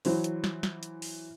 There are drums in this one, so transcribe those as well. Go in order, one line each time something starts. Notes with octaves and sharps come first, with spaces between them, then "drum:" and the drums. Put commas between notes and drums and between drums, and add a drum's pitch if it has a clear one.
E3 F#3 C5, drum: open hi-hat
drum: hi-hat
drum: snare
drum: snare
drum: hi-hat
drum: open hi-hat